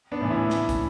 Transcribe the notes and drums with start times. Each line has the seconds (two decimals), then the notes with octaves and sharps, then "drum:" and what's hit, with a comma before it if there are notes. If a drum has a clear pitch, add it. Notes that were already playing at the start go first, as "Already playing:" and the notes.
0.12 B3 D4
0.21 A2 E3
0.31 C#4 E4
0.50 drum: snare
0.69 drum: kick, hi-hat